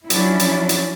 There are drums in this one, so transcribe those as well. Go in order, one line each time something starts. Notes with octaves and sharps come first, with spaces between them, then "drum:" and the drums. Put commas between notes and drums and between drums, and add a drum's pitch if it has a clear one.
F3 F#3 C#4 D4 E4, drum: hi-hat
drum: hi-hat
drum: hi-hat